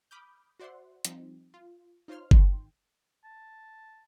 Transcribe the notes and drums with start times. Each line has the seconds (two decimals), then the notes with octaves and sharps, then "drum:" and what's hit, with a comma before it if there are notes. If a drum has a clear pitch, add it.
0.11 B5 D6 D#6 F6 G6
0.60 F#4 C5 D5 E5 F#5 C6
1.05 F3 G3 C4 D#4, drum: hi-hat
1.54 F4
2.08 D#4 F4 C5 C#5 C6 F6
2.31 G#1 D#3 G5 C6, drum: kick F#1
3.24 A5